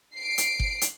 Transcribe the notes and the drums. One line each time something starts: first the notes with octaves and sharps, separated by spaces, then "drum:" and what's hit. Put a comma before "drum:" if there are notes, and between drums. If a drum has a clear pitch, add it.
C7 D7
drum: hi-hat
drum: kick G1
drum: hi-hat